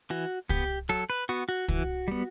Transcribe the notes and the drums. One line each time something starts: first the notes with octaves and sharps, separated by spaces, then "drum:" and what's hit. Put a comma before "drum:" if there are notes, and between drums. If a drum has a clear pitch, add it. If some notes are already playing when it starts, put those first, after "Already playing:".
E3 F#4
B3 G4, drum: kick
F#3 A4
B4
B3 F#4
F#4
E3, drum: kick
G3 B3